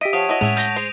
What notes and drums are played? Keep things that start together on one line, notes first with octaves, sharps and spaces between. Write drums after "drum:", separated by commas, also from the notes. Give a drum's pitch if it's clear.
G4 D#5 E5 B6 D7 D#7
F3 C#5 F5 F#5 A5 D#6
E4 F#4 B4 D#5
A2 G#3 C#4 E4 F7
G6 A#6 B6, drum: hi-hat
G#4 C5